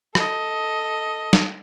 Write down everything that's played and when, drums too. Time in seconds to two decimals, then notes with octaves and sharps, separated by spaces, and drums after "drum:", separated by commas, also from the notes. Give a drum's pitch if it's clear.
0.15 A4 D#5, drum: rim click
1.33 drum: snare